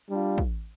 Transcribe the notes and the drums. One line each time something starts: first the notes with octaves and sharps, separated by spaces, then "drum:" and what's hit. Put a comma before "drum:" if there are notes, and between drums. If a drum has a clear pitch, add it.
G3 D4 F4
drum: kick